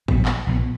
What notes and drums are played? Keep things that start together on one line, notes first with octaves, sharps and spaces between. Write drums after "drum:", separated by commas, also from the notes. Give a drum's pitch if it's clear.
A#1 A#2 F3 B3, drum: kick
drum: clap
A#1 A#2 F3 B3